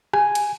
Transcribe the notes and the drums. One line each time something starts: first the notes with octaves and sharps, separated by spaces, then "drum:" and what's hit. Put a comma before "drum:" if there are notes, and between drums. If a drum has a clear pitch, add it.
G#5, drum: rim click
drum: cymbal